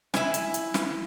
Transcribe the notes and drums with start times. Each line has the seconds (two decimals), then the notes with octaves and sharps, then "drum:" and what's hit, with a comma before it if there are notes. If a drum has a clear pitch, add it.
0.14 E4 G#5, drum: snare
0.34 drum: hi-hat
0.54 drum: hi-hat
0.74 drum: snare